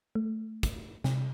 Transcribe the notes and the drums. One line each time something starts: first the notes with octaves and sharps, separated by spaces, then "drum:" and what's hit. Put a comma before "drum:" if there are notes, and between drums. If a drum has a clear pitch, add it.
A3
drum: kick, hi-hat
C3, drum: snare